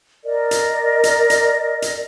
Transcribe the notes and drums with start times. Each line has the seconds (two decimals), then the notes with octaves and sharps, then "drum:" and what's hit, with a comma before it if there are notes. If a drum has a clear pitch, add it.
0.25 A#4 D5 D#5
0.51 drum: hi-hat
1.04 drum: hi-hat
1.30 drum: hi-hat
1.82 drum: hi-hat